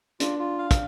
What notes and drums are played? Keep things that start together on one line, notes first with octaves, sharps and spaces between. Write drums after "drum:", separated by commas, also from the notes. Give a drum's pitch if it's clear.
D4 F4, drum: hi-hat
F4
F5
drum: kick, hi-hat